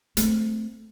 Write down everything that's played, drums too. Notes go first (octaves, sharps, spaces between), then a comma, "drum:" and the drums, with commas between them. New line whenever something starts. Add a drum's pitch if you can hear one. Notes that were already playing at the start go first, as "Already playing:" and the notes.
A3 C4, drum: hi-hat